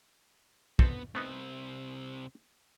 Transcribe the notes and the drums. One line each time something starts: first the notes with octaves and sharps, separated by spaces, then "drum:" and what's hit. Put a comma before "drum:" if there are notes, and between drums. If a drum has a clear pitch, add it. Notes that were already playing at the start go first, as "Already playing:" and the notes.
B3 C4 A4, drum: kick
C2 A3 B3 C4 D#4